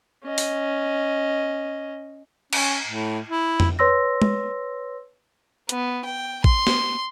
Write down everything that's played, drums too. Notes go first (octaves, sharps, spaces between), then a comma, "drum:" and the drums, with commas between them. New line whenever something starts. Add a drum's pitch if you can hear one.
C#4 D#5
drum: open hi-hat
C#4, drum: cymbal
A2
E4
drum: tom F2
B4 C#5 C6 E6 A#6
drum: tom G#3
B3, drum: hi-hat
G5
C6, drum: kick A1
drum: snare